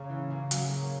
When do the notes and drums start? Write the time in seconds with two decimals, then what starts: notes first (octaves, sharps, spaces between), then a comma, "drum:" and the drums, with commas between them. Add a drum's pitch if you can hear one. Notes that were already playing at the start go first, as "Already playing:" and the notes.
Already playing: C#3 A#3 C#4
0.10 E3
0.30 A#3 C#4
0.51 F#3, drum: hi-hat
0.71 A#3 C#4